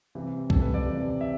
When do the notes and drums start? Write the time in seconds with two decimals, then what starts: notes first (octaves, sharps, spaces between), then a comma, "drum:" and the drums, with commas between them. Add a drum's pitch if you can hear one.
0.15 C3 E3 G3
0.50 A4, drum: kick
0.61 B4
0.74 D5
0.85 C3 E3 G3
1.21 E5